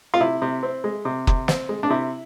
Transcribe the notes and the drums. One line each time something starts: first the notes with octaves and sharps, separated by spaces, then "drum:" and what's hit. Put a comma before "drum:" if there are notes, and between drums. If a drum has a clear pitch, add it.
F4
C3 E4
C3
C4
G#3
C3
C3, drum: kick
C4, drum: snare
G#3
D4
C3 E4